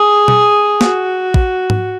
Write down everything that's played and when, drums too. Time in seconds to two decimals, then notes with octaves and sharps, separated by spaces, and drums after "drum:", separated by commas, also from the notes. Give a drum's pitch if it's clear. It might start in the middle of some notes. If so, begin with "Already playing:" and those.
Already playing: G#4
0.28 drum: tom B2
0.81 F#4, drum: snare
1.34 drum: kick
1.70 drum: tom G#2